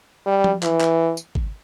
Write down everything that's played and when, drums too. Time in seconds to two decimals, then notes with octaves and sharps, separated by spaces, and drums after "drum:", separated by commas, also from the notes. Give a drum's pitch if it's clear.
0.27 G3
0.44 drum: tom F3
0.63 E3, drum: clap
0.81 drum: clap
1.17 drum: tambourine
1.35 drum: kick G#1